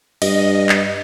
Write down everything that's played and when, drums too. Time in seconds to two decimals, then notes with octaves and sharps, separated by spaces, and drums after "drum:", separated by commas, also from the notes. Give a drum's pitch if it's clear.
0.22 G2 D#5, drum: cymbal
0.69 drum: clap